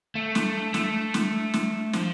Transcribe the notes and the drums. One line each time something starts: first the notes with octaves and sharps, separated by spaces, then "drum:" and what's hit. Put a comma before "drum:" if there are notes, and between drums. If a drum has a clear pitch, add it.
A3
drum: snare
A3, drum: snare
drum: snare
drum: snare
F3, drum: snare